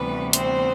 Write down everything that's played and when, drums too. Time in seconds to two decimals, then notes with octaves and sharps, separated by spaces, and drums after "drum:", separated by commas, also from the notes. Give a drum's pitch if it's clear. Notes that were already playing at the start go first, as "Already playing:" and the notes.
Already playing: D2 C3 E3 G3 B3 B4
0.33 C4 C5, drum: hi-hat